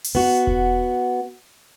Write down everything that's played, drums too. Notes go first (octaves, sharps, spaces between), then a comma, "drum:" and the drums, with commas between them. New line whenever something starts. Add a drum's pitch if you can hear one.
drum: open hi-hat
B3 F#4
drum: kick E1